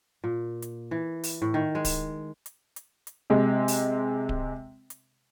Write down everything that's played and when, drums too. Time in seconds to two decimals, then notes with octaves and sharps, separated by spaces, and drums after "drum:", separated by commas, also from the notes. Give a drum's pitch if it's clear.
0.24 A#2
0.62 drum: hi-hat
0.91 E3
1.23 drum: open hi-hat
1.42 A2
1.54 D#3
1.75 G#3
1.85 drum: kick D1, open hi-hat
2.46 drum: hi-hat
2.76 drum: hi-hat
3.07 drum: hi-hat
3.30 C3 G#3
3.68 drum: open hi-hat
4.29 drum: kick D1
4.90 drum: hi-hat